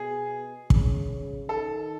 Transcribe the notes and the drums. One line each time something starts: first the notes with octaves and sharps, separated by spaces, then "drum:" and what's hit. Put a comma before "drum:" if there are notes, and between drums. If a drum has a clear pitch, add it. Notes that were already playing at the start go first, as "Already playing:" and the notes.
Already playing: B2 G#4
C#3, drum: kick
D#3 A4